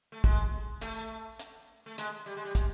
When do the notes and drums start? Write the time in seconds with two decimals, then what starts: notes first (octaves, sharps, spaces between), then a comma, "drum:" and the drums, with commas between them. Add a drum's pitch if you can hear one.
0.12 A3
0.24 G#3, drum: kick
0.81 A3, drum: hi-hat
1.39 drum: hi-hat
1.86 A3
1.98 G#3, drum: hi-hat
2.26 G3
2.37 G#3
2.45 G3
2.55 G#3, drum: kick, hi-hat